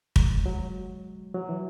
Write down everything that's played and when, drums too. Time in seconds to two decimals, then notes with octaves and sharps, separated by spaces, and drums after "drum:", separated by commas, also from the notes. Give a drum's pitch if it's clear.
0.16 G#3, drum: kick
0.46 F#3
1.34 F#3
1.49 E3